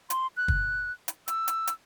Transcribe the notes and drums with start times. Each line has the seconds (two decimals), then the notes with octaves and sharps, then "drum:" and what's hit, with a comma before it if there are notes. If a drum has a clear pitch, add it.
0.10 C6, drum: hi-hat
0.37 F#6
0.48 drum: kick
1.08 drum: hi-hat
1.28 E6, drum: hi-hat
1.48 drum: hi-hat
1.67 drum: hi-hat